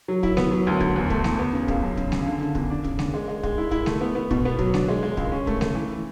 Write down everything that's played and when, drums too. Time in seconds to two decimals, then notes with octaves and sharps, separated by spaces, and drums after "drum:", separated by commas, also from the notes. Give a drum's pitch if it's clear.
0.08 F#3
0.23 E4, drum: kick
0.37 B3, drum: snare
0.51 F#3
0.67 D2
0.80 D2, drum: kick
0.96 E2
1.10 A3, drum: kick
1.24 E2, drum: snare
1.39 B3
1.53 C#3
1.68 C#2, drum: kick
1.83 F#2
1.97 C#3, drum: kick
2.12 C#3, drum: snare
2.26 D3
2.41 D3
2.55 E2, drum: kick
2.70 D4
2.84 C#3, drum: kick
2.99 D4, drum: snare
3.14 G#3
3.28 G#3
3.43 G#3, drum: kick
3.58 E4
3.71 E4, drum: kick
3.86 A3, drum: snare
4.01 B3
4.15 B3
4.31 B2, drum: kick
4.45 B3
4.59 F#3, drum: kick
4.74 D4, drum: snare
4.88 G#3
5.03 G#3
5.17 C#2, drum: kick
5.32 C#4
5.47 A3, drum: kick
5.61 A3, drum: snare
5.75 E3